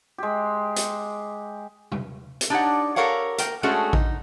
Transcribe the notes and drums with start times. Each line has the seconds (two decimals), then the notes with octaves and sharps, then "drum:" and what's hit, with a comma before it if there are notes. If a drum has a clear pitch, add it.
0.18 G#3 G4
0.76 drum: hi-hat
1.92 drum: tom C3
2.41 drum: hi-hat
2.50 D4 D#4 G4 C#5 D5 F#5
2.96 G4 A4 A#4 C#5 F5 F#5
3.38 A#4 G5, drum: hi-hat
3.63 G#3 A3 C#4 D4 F#4 G#4
3.93 D#4, drum: kick A1